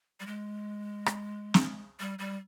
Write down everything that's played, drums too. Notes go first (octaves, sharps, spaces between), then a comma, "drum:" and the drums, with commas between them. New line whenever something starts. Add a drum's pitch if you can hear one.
G3
G#3
drum: rim click
drum: snare
G3
G3